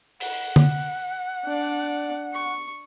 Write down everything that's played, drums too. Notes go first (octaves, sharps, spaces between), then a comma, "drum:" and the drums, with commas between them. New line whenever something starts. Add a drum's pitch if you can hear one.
F#5, drum: open hi-hat
drum: tom D3
D4 D5
C#6